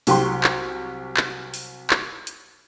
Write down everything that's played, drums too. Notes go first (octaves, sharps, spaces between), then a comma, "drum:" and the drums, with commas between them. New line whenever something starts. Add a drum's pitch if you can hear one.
C2 F#3 G4 G5 C6, drum: open hi-hat
drum: clap
drum: clap
drum: open hi-hat
drum: clap
drum: hi-hat